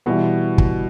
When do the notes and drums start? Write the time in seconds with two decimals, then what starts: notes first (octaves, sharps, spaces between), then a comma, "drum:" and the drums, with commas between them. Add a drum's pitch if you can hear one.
0.06 B2 E3 G3 B3
0.58 drum: kick